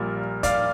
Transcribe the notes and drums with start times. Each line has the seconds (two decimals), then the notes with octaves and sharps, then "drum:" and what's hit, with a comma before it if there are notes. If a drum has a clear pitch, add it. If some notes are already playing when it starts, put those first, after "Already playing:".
Already playing: A#1 A#2 G3 A#4
0.43 D5 F5, drum: kick, hi-hat